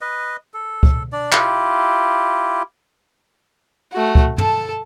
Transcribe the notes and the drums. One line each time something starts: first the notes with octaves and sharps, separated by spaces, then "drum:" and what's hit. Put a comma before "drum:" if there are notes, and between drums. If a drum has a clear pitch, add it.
B4 D#5
A4
drum: kick C#2
D4 D5
E4 F4 G4, drum: clap
A3 F#4
drum: kick C#2
A4 A5, drum: tom